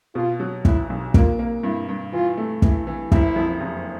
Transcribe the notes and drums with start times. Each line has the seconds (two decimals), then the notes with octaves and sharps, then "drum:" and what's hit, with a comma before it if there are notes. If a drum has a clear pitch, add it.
0.15 B2 F4
0.40 F#3
0.65 B1 E4, drum: kick
0.90 B1
1.14 A#3 F4, drum: kick
1.39 A#3
1.63 G2 E4
1.88 G2
2.13 E3 F4
2.37 A3
2.62 E3 E4, drum: kick
2.87 E3
3.12 F#1 E4, drum: kick
3.36 F2
3.61 F#1